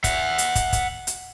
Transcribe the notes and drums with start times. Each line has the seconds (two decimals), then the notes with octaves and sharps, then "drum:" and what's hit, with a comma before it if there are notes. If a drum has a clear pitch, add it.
0.04 E5 F#5, drum: kick, hi-hat
0.38 drum: hi-hat
0.55 drum: kick, hi-hat
0.73 drum: kick, hi-hat
1.07 drum: hi-hat